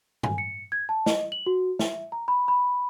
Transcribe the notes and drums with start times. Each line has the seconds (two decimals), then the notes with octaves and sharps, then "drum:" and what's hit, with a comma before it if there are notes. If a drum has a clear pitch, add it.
0.23 G#5, drum: tom G2
0.38 C#7
0.72 G#6
0.89 A5
1.06 D#5, drum: snare
1.32 F#7
1.46 F#4
1.79 E5, drum: snare
2.12 A#5
2.28 B5
2.48 B5